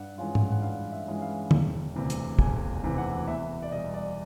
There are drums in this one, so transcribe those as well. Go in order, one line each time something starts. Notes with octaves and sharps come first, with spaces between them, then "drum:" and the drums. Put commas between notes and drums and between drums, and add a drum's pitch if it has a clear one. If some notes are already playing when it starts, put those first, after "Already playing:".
Already playing: G2 F#5
E3 G#3 C#4 F4
drum: tom G#2
F#5
G2 F5
E5
E3 G#3 C#4 F4
F5
E1, drum: tom D3
D2 C3 E3
drum: hi-hat
E1 G#5, drum: kick
D2 C3 E3
F#5
E2 E5
D5
B2 G3 D#5
D5